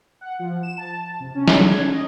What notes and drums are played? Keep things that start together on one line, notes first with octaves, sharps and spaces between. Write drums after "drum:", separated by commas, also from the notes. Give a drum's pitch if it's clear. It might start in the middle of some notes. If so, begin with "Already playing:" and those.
F#5
F3
E7
A5
A5
C3
C#4
A4, drum: snare
G#6
C#4
D#5